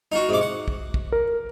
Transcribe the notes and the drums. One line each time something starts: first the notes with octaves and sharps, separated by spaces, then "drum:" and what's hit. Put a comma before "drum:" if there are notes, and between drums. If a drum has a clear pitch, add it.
D#4 F4 F#4
G#2 C3 D6
F#5
drum: kick
drum: kick
A#4